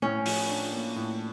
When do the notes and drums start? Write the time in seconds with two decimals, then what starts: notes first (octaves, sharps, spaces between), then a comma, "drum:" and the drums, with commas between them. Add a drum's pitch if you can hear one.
0.02 A2 C#4
0.25 F3, drum: open hi-hat
0.49 D4
0.73 A#3
0.96 A2